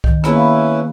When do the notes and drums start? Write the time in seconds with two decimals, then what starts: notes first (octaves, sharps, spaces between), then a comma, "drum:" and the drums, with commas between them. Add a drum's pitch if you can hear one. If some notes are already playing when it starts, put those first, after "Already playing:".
0.04 D#3, drum: kick C2
0.24 A#3 B3 C#4 E4 G#4 B4, drum: rim click
0.36 F5 B5